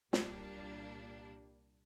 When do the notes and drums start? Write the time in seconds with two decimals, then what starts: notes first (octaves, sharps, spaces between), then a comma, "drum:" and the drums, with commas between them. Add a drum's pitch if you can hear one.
0.13 C2 A#2 G3 A#3 D4, drum: snare